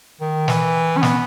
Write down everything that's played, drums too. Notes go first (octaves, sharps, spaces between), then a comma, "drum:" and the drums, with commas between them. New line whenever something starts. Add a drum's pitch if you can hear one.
D#3
E3, drum: snare
C#4
B3, drum: snare